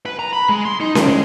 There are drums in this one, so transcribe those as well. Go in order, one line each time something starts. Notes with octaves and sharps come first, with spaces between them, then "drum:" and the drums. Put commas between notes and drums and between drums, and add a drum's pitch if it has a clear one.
B4
A#5
B5
G#3
C6
D#4
D#3, drum: snare C#4
G#3